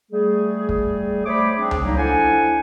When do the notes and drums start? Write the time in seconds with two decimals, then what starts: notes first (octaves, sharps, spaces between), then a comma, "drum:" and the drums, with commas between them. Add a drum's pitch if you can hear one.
0.12 G3 A3 G#4
0.69 drum: kick
1.26 G3 A3 C5 C#5 B5 D6
1.58 C4 D4 G#4
1.71 drum: tom C#2
1.85 F#3 G3 A#3 D#4
1.97 D4 E4 A4 C5 F#5 G#5